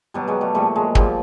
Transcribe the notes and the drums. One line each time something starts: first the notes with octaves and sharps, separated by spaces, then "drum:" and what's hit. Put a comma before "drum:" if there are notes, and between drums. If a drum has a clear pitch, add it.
B2 F#3 G3
F#3 G#3
G3 A3
A#2 F3 G3 A3
F#3 G#3
A#2 F3 G3, drum: kick